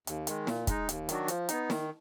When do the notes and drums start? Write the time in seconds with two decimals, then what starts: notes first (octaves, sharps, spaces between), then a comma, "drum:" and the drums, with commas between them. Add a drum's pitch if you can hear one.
0.07 D#2, drum: hi-hat
0.27 D#3 G#3, drum: hi-hat
0.47 A#2, drum: snare
0.67 G#3 D#4, drum: kick, hi-hat
0.89 D#2, drum: hi-hat
1.09 D#3 F#3 D4 F#4, drum: hi-hat
1.28 F3, drum: hi-hat
1.49 B3 D#4, drum: hi-hat
1.70 D#3, drum: snare